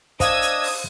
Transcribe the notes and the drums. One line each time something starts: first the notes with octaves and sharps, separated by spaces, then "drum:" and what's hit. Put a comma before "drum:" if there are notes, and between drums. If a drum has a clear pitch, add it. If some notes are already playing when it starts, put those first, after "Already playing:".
D4 C5 D#5 F5 D#6 E6 G#6, drum: kick, hi-hat
drum: hi-hat
drum: open hi-hat